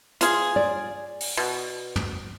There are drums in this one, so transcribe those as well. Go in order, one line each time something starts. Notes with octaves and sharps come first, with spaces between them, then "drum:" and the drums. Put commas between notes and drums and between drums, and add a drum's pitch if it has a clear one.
F4 G#4, drum: hi-hat
D5
drum: open hi-hat
B2
drum: tom